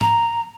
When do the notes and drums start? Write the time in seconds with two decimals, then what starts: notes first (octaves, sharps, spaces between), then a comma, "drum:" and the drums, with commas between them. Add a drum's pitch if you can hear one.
0.01 A#5, drum: tom G#2